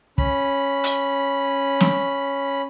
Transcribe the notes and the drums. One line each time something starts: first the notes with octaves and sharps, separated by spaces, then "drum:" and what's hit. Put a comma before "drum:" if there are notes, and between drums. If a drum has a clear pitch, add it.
C#4 B5, drum: kick
drum: hi-hat
drum: snare